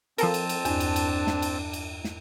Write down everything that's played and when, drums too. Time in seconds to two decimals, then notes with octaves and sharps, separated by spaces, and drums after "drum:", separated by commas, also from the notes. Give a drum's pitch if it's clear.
0.18 F3 C4 A4 A#4 A5, drum: cymbal
0.34 drum: cymbal
0.49 drum: cymbal
0.65 E2 G2 D4, drum: cymbal
0.80 drum: cymbal
0.96 drum: cymbal
1.27 drum: snare
1.42 drum: cymbal
1.73 drum: cymbal
2.04 drum: snare